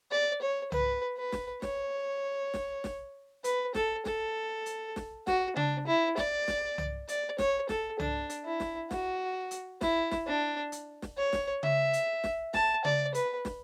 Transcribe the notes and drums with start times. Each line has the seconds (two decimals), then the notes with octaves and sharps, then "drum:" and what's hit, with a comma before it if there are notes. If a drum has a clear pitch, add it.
0.11 D5
0.42 C#5
0.72 B4, drum: tom C2
1.17 B4
1.32 drum: snare
1.62 C#5, drum: snare
2.54 drum: snare
2.84 drum: snare
3.44 B4, drum: hi-hat
3.75 A4, drum: snare
4.05 A4, drum: snare
4.66 drum: hi-hat
4.96 drum: snare
5.27 F#4, drum: snare
5.56 D4, drum: tom C#3
5.87 E4
6.17 D5, drum: snare
6.48 drum: snare
6.78 drum: tom C2
7.08 D5, drum: hi-hat
7.38 C#5, drum: snare
7.69 A4, drum: snare
8.00 D4, drum: tom C2
8.30 drum: hi-hat
8.45 E4
8.60 drum: snare
8.91 F#4, drum: snare
9.51 drum: hi-hat
9.81 E4, drum: snare
10.11 drum: snare
10.27 D4
10.72 drum: hi-hat
11.02 drum: snare
11.17 C#5
11.33 drum: snare
11.63 E5, drum: tom C#3
11.93 drum: hi-hat
12.24 drum: snare
12.54 A5, drum: snare
12.85 D5, drum: tom C#3
13.14 B4, drum: hi-hat
13.45 drum: snare